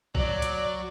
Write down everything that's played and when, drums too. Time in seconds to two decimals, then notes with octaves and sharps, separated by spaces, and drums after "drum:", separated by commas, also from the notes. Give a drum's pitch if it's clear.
0.15 F#3 D5, drum: kick
0.42 drum: hi-hat